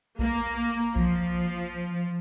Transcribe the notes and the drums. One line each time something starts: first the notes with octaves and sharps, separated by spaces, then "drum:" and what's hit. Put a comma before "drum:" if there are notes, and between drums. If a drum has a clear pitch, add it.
A#3, drum: kick A#1
F3, drum: kick A#1